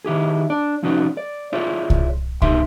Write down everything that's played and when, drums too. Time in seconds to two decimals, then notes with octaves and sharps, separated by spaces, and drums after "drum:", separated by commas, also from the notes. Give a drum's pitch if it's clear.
0.05 D#3 E4 G4 G#4
0.50 D4 D5
0.82 C2 F3 C#4 D#4 F#4 D5
1.17 D5
1.53 E4 F4 G#4 C#5 D5
1.90 drum: kick C2
2.42 B1 G2 D#4 G4 E5 C6, drum: kick C2